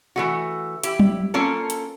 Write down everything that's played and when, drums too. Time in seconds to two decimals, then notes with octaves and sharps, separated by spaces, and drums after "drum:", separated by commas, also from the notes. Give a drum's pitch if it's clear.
0.16 E3 A3 F#4
0.84 E4 G4, drum: hi-hat
1.00 drum: tom F#3
1.34 A#3 C#4 F4 A4
1.70 drum: hi-hat